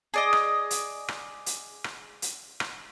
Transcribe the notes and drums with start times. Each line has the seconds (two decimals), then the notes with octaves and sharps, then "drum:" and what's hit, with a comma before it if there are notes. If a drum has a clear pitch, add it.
0.14 G#4 D5 D#5
0.33 drum: rim click
0.71 drum: hi-hat
1.08 drum: rim click
1.46 drum: hi-hat
1.84 drum: rim click
2.22 drum: hi-hat
2.60 drum: rim click